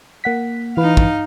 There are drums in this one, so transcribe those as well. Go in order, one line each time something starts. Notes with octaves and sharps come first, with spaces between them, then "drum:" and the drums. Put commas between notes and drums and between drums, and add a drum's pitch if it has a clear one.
A#3 F#5 B6
E3 D#4 B4 F5
drum: kick